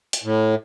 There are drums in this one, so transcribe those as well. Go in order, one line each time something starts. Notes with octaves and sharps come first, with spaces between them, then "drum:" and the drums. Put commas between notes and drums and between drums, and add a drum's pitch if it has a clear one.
drum: hi-hat
A2